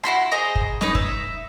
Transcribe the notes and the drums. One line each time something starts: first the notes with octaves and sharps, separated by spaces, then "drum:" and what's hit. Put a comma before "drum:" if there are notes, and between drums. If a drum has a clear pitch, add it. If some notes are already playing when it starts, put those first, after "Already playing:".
E4 F#4 B5 C6, drum: rim click
G#4 C5 D#5 A#5
drum: kick
D#4 B4 C#5 D#5, drum: snare
E5, drum: kick